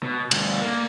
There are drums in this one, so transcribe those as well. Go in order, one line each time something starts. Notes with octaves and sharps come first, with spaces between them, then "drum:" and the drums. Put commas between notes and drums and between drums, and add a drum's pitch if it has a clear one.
B2
D2 G2, drum: cymbal
A#3